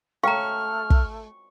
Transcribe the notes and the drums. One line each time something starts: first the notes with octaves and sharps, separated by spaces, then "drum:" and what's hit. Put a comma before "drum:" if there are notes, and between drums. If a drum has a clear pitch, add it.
A3 F5 G5 A#5 C#6 F6
drum: kick